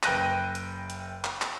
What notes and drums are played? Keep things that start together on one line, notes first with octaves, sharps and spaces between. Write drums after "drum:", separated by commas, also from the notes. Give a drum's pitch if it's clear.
F#1 B4 G5 F#6 A#6 D#7, drum: clap
drum: hi-hat
drum: hi-hat
drum: clap
drum: clap